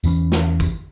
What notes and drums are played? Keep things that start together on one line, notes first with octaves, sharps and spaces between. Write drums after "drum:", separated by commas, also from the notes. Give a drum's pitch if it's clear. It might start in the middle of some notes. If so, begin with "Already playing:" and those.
E2 E3 C#4, drum: tambourine
drum: snare
drum: kick, tambourine